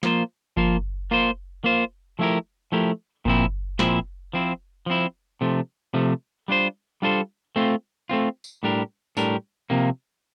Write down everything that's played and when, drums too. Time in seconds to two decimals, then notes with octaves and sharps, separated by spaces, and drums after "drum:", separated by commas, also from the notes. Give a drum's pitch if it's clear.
0.03 F3 A#3 F4 C5, drum: snare
0.57 F3 A#3 F4 C5, drum: kick G1
1.11 A#3 F4 C5
1.64 A#3 F4 C5
2.19 F3 A3 E4 G4 A#4
2.72 F3 A3 E4 G4 A#4
3.25 A#2 F3 C4 E4, drum: kick G1
3.79 A#2 F3 C4 E4, drum: snare
4.33 F3 C4 E4
4.86 F3 C4 E4
5.41 C3 F3 A3
5.94 C3 F3 A3
6.48 G3 D4 F4 A4 C5
7.02 G3 D4 F4 A4 C5
7.56 A3 C4 F4
8.09 A3 C4 F4
8.44 drum: tambourine
8.63 A2 G3 D4 G4 A#4
9.17 A2 G3 D4 G4 A#4, drum: tambourine
9.70 C3 F3 A#3